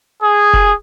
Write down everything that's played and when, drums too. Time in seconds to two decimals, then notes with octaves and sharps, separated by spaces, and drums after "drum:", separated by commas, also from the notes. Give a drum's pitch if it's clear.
0.22 G#4
0.54 drum: kick F1